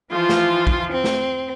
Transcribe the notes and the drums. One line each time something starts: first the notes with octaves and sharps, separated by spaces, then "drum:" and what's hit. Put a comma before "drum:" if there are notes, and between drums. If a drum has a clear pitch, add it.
E3 F3 F4
drum: snare
drum: kick
C4
drum: snare